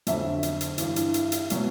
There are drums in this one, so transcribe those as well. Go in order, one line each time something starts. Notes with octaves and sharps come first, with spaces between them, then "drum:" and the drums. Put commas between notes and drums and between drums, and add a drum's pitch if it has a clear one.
F2 D3 F#3 E5, drum: hi-hat
drum: hi-hat
drum: hi-hat
G2 E3, drum: hi-hat
drum: hi-hat
drum: hi-hat
drum: hi-hat
B2 F#3, drum: hi-hat